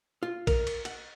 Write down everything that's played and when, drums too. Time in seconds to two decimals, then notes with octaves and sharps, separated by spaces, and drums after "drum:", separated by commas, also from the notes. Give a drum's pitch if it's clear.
0.23 F4
0.47 A#4, drum: kick, cymbal
0.67 drum: cymbal
0.85 F#5, drum: cymbal